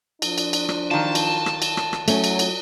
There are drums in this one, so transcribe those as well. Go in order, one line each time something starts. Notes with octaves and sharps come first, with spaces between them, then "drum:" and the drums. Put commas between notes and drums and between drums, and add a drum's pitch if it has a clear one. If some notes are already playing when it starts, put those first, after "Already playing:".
F3 D4, drum: cymbal
drum: cymbal
drum: cymbal
drum: rim click
D#3 F#3 F4 A5
drum: cymbal
drum: rim click
drum: cymbal
drum: rim click
drum: rim click
F#3 A3 C#4, drum: cymbal
drum: cymbal
drum: cymbal